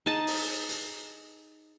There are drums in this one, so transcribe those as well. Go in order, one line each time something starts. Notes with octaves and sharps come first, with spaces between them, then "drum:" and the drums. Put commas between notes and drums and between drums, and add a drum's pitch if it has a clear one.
D#4 G#4 A5
drum: open hi-hat
drum: hi-hat